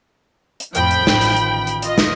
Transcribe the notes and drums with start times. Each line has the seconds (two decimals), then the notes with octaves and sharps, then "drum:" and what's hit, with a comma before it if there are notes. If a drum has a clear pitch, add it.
0.60 drum: hi-hat
0.75 F2 A2 F3 G5 B5, drum: hi-hat
0.91 drum: hi-hat
1.07 A1 D#3, drum: snare
1.21 drum: hi-hat
1.37 drum: hi-hat
1.67 drum: hi-hat
1.82 F4 D#5, drum: hi-hat
1.98 drum: snare